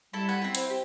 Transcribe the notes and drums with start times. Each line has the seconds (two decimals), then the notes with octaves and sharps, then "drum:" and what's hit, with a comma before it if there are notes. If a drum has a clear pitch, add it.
0.13 G3 E4 A4 A5
0.28 F#5 G#5 B5
0.42 C4 E4
0.55 C5, drum: hi-hat
0.70 G4